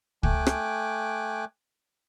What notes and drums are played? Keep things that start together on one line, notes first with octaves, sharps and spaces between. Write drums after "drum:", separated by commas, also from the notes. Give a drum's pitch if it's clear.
A3 G5 G#5 D6 F#6, drum: kick
drum: rim click